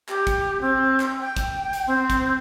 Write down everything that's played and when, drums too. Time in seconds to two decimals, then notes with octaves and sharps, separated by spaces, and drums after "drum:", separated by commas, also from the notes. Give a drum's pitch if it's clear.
0.09 G4, drum: clap
0.27 drum: kick, hi-hat
0.61 C4
1.00 drum: clap
1.20 G5
1.37 drum: kick, hi-hat
1.73 drum: hi-hat
1.87 C4
2.10 drum: kick, hi-hat